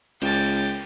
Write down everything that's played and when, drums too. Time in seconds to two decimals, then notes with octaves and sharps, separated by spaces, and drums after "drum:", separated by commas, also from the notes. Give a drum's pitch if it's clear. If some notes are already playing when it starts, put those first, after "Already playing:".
0.21 C#2 G5 A6, drum: cymbal